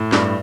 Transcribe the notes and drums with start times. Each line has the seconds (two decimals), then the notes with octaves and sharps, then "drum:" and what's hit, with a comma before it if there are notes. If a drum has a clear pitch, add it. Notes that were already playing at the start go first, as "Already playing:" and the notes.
Already playing: A2
0.12 G2, drum: snare